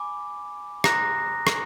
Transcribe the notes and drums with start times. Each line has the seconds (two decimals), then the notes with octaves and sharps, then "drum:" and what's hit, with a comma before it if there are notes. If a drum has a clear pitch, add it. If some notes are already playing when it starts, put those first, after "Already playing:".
Already playing: G#5 B5 D6
0.84 A#5 C6 D#6 F#6 A#6, drum: rim click
1.47 drum: rim click